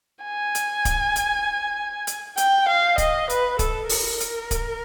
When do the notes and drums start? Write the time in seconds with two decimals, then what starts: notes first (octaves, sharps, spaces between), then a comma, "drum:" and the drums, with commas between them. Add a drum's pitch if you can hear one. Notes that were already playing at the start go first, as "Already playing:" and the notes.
0.24 G#5
0.55 drum: hi-hat
0.85 drum: kick, hi-hat
1.16 drum: hi-hat
2.07 drum: hi-hat
2.37 G5, drum: hi-hat
2.68 F5
2.98 D#5, drum: kick, hi-hat
3.29 B4, drum: hi-hat
3.59 A4, drum: kick, hi-hat
3.89 A#4, drum: open hi-hat
4.20 drum: hi-hat
4.51 drum: kick, hi-hat